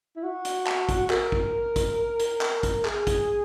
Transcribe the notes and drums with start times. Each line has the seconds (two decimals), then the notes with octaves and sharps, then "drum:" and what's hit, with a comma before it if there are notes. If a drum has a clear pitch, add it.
0.17 E4
0.23 F#4
0.45 drum: hi-hat
0.67 drum: clap
0.89 drum: kick, hi-hat
1.10 A#4, drum: clap
1.32 drum: kick
1.76 drum: kick, hi-hat
2.20 drum: hi-hat
2.41 drum: clap
2.63 drum: kick, hi-hat
2.85 G#4, drum: clap
3.07 drum: kick, hi-hat